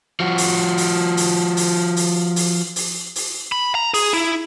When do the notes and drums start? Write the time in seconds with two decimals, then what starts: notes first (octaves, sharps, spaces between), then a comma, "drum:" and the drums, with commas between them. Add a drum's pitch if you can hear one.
0.20 F3 F#4
0.38 drum: open hi-hat
0.77 drum: open hi-hat
1.17 drum: open hi-hat
1.57 drum: open hi-hat
1.96 drum: open hi-hat
2.36 drum: open hi-hat
2.76 drum: open hi-hat
3.16 drum: open hi-hat
3.52 B5
3.75 A#5
3.94 G#4, drum: open hi-hat
4.13 E4